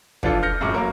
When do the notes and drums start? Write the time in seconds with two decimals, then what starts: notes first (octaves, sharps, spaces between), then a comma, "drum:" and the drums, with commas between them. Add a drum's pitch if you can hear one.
0.23 E3 F3 D4 F4 A4, drum: kick
0.43 F6 G6 A#6 C#7
0.61 F#2 A2 G#3 C#6 D6
0.74 F#3 A#3 A#4